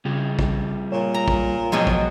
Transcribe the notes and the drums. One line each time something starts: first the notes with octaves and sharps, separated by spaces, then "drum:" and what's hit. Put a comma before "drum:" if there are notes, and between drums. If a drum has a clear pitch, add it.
C#3 G3 F4 G#4
drum: kick
A#2 C#5
A#5
drum: kick
B2 F3 F#3 G#3 B3 C5
drum: kick